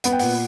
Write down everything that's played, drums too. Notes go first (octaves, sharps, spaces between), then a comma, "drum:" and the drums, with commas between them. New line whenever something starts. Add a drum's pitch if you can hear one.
B3 F#5, drum: hi-hat
G5
A#2 F#5, drum: open hi-hat